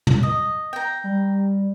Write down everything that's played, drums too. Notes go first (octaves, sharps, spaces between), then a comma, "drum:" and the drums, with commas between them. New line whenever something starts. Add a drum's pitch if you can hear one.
drum: tom
D#5
G5 A#5
G3